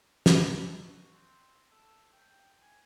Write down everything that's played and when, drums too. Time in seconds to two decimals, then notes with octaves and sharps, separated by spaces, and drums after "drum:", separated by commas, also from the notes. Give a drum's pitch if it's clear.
0.26 A#4, drum: snare
0.51 A4
0.84 F#4
1.12 C4
1.72 A4
2.13 G5
2.61 G#5